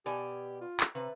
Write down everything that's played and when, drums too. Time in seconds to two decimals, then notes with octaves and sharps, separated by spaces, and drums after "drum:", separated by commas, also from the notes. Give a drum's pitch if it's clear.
0.06 B2 G4 D5 G#5
0.61 F4
0.80 drum: clap
0.95 C3 B4